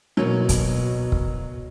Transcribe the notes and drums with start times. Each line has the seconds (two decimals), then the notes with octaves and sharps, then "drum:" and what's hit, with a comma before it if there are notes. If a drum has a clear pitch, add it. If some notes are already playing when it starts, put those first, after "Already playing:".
0.17 B2 F#3 A#3 C#5
0.49 drum: kick, hi-hat
1.12 drum: kick